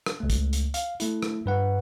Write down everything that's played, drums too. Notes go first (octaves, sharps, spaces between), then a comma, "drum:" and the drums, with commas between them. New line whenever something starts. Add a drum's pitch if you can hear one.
drum: rim click
C#2 A3
drum: kick, hi-hat
drum: hi-hat
F5, drum: hi-hat
A3 E4, drum: hi-hat
drum: rim click
G2 B4 F#5